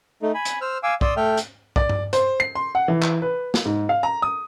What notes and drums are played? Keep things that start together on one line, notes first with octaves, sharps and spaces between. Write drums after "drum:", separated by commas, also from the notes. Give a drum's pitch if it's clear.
A3 D#4
G#5 B5
drum: hi-hat
C5 E6 F6
F5 G#5 D6 E6
D5 C6 D#6 E6, drum: kick
A3 A4 E5 G5 F6 G6
drum: hi-hat
D5, drum: kick
drum: tom G2
C5, drum: hi-hat
C7
C6
F#5
E3
drum: clap
B4
drum: snare
G#2
F5
A#5
D#6